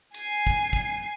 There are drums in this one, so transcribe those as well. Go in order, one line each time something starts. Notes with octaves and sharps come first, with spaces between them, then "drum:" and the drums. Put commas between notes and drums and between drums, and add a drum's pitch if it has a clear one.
G#5 C7, drum: cymbal
drum: kick
drum: kick